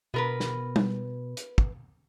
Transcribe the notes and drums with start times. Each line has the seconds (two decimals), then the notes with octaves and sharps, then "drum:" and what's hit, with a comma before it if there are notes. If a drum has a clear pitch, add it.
0.14 B2 B3 A#4 B4
0.40 drum: snare
0.76 drum: tom G3
1.37 drum: hi-hat
1.58 drum: kick